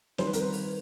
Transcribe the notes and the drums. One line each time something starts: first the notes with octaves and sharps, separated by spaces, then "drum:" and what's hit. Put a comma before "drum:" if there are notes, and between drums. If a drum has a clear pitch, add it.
D#3 G3 C4 D#4 C5, drum: snare
B4
A#4, drum: hi-hat
B4
drum: open hi-hat